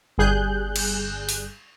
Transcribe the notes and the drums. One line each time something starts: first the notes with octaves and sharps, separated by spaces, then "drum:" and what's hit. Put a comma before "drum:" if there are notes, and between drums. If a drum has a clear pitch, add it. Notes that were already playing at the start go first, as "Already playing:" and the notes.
G1 G3 G#4 F#6 G6
drum: cymbal
drum: open hi-hat